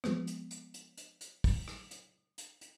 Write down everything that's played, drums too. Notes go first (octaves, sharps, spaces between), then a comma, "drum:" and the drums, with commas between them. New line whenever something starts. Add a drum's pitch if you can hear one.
F3 G#3 B3 C4, drum: rim click
drum: hi-hat
drum: hi-hat
drum: hi-hat
drum: hi-hat
drum: hi-hat
drum: kick, open hi-hat
drum: rim click
drum: hi-hat
drum: hi-hat
drum: hi-hat